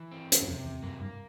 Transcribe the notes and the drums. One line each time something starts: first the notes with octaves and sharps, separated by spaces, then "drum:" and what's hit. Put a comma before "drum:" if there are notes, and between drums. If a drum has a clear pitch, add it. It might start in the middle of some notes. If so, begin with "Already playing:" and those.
Already playing: E3
C4
drum: hi-hat
F#2
F2 C3
E2
F#2 A#3
G2